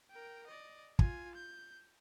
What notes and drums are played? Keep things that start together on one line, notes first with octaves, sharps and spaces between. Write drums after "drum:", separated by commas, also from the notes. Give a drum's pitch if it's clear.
A#4 G5
D5 D#5
F4 G#5, drum: kick
G6